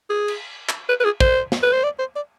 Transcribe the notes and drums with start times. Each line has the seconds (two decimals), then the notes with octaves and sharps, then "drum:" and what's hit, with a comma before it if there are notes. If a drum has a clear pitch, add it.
0.10 G#4
0.28 drum: cymbal
0.69 drum: clap
0.89 B4
1.00 B4
1.04 G#4
1.20 C5, drum: kick
1.52 drum: snare
1.62 B4
1.73 C5
1.84 D5
1.99 C5
2.16 D5